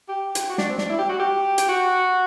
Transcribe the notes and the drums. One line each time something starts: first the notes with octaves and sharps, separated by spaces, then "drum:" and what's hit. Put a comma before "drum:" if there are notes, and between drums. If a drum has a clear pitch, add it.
G4
drum: hi-hat
F#4
D4, drum: snare
C4
D4, drum: snare
E4
G4
F#4
G4
drum: hi-hat
F#4